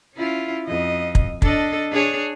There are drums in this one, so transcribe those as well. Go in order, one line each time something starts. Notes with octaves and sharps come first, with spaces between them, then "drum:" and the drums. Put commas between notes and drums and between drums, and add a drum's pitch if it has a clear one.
C#4 E4 F4
F2 D#5
drum: kick
D4 A4 D#5, drum: kick
D4 G#4 C#5